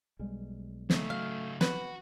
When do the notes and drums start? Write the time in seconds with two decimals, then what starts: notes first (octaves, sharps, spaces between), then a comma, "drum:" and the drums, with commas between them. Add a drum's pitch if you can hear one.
0.19 B1 G3 G#3
0.90 C#3 A3 D#4, drum: snare
1.10 F#3 F5
1.61 F#4 B4, drum: snare